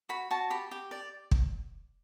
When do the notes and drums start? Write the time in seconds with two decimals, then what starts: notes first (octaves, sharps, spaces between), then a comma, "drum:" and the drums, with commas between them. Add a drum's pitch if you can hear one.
0.09 F#4 B5
0.31 F#4 A5
0.50 G4 B5
0.71 G4
0.91 D5
1.31 drum: kick